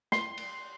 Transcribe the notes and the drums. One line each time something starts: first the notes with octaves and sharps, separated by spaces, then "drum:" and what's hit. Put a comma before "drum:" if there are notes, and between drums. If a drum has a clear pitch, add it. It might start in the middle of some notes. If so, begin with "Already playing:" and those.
C6, drum: snare
drum: cymbal